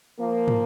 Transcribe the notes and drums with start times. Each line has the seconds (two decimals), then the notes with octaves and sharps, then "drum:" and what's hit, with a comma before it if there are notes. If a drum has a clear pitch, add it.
0.19 F3 A#3
0.48 drum: tom